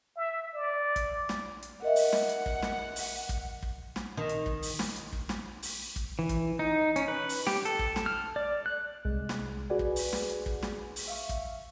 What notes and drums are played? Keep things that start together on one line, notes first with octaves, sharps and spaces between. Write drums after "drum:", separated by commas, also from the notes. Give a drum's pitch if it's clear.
E5
D5
drum: kick, hi-hat
drum: snare
drum: hi-hat
A#4 D#5 E5 F#5
drum: open hi-hat
drum: snare
drum: hi-hat
drum: kick
drum: snare
drum: open hi-hat
drum: kick, hi-hat
drum: kick
drum: snare
D#3
drum: hi-hat
drum: kick
drum: open hi-hat
drum: snare
drum: hi-hat
drum: kick
drum: snare
drum: open hi-hat
drum: kick, hi-hat
E3
drum: kick, hi-hat
D#4
C#4, drum: hi-hat
B4
drum: open hi-hat
G4, drum: snare
A4, drum: hi-hat
drum: kick
drum: snare
F6
D5
F#6
C2 G#3
drum: snare
F#4 G#4 B4 D5 F#5 G#5
drum: kick
drum: open hi-hat
drum: snare
drum: hi-hat
drum: kick
drum: snare
drum: open hi-hat
E5 F5 C#6
drum: kick, hi-hat